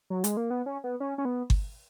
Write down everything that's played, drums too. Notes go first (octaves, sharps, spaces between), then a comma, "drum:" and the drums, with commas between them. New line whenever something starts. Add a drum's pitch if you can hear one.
F#3
G#3, drum: hi-hat
A#3
B3
C#4
B3
C#4
C#4
B3
drum: kick G1